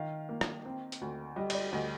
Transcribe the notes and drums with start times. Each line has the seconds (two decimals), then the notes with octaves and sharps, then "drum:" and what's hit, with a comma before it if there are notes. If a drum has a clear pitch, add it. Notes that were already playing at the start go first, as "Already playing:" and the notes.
Already playing: D#3 F5
0.29 A#3
0.41 drum: rim click
0.65 C4
0.92 drum: hi-hat
1.01 D2
1.36 G3 D#5
1.50 D#5, drum: cymbal
1.54 D5
1.72 D2 D#5